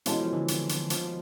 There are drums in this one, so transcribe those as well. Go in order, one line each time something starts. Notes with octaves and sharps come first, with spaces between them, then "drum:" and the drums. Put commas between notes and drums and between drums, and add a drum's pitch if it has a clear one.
B2 E3 G#3 C#4 E4 A4, drum: hi-hat
F3
D3 E3
drum: hi-hat
drum: hi-hat
D#3 F3, drum: hi-hat